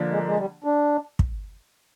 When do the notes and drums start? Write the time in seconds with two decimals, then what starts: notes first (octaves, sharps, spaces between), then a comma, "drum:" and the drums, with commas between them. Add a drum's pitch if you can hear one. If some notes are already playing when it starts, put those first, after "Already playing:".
Already playing: D3 F3 A#3 D4
0.11 G#3
0.26 G#3
0.38 G3
0.64 D4
1.19 drum: kick